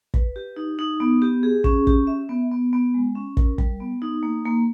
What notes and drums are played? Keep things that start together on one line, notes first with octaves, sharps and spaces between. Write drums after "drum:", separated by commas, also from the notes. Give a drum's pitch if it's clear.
B4, drum: kick
G4
D#4
D#4
B3
G4
G#4
C#4, drum: kick
G4, drum: kick
E5
B3
B3
B3
G#3
C#4
A#4, drum: kick
G3, drum: kick
B3
D#4
A#3
A#3